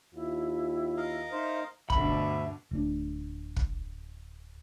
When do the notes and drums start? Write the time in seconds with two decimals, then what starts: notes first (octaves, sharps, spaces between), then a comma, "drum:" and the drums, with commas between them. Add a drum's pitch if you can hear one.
0.14 D#2 E4 F4
0.97 A#4 D#5 F5
1.32 D#4 C5 E5
1.90 D2 G2 B2 D3 E5 B5, drum: kick
2.71 D1 A3 D4
3.56 drum: kick